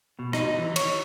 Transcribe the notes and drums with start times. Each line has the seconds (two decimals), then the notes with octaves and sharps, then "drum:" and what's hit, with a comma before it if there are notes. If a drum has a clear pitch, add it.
0.19 B2
0.33 D#4, drum: rim click
0.58 E3
0.76 C#5, drum: cymbal